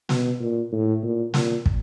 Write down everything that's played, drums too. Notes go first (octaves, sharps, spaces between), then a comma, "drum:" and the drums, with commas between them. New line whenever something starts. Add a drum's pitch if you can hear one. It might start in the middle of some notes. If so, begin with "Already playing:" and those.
B2, drum: snare
A#2
A2
A#2
A#2, drum: snare
drum: kick